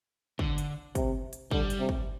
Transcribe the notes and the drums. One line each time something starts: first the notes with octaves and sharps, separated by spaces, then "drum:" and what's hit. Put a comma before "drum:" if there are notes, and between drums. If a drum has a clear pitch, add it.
D3, drum: kick
drum: hi-hat
C3, drum: kick, hi-hat
drum: hi-hat
D3 G3, drum: kick
drum: hi-hat
C3
drum: kick